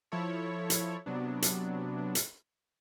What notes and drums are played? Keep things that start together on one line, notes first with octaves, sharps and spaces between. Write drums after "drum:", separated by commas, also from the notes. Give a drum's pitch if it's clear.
F3 E4 A4 C#5
drum: hi-hat
C3 F#3 B3 D4
drum: hi-hat
drum: hi-hat